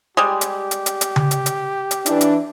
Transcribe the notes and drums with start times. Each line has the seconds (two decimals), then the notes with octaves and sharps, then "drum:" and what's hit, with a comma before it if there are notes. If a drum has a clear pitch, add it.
0.17 G3 G#3 G4
0.41 drum: hi-hat
0.71 drum: hi-hat
0.86 drum: hi-hat
1.01 drum: hi-hat
1.16 drum: tom C#3
1.31 drum: hi-hat
1.46 drum: hi-hat
1.91 drum: hi-hat
2.06 E3 D4, drum: hi-hat
2.21 drum: hi-hat